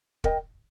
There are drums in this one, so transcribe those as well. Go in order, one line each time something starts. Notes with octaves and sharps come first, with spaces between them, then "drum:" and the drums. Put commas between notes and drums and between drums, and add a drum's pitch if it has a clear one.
A#4 D#5 G5, drum: kick